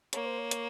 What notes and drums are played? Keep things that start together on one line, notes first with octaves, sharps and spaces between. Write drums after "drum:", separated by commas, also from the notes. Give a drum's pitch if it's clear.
A#3 C#5, drum: hi-hat
C5
C#5
drum: hi-hat